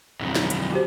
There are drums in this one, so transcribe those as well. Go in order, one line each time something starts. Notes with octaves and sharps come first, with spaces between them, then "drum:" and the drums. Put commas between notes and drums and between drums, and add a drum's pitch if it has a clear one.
B1 F2
drum: snare
drum: hi-hat
F#4 G4 C5